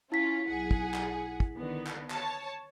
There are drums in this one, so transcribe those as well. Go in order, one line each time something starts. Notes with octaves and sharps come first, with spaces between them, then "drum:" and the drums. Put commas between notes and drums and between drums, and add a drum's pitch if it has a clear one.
C#4 E4 F4 B6
B1 G#4 F#5
drum: kick
drum: clap
drum: kick
D3 D#3 B3
drum: clap
C#5 A5, drum: clap